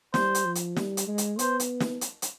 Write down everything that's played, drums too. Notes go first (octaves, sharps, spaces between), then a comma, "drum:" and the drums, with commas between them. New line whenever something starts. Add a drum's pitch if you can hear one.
G3 C5, drum: snare
drum: hi-hat
F3
drum: hi-hat
G3, drum: snare
drum: hi-hat
G#3
drum: hi-hat
B3 C5, drum: hi-hat
drum: hi-hat
drum: snare
drum: hi-hat
drum: hi-hat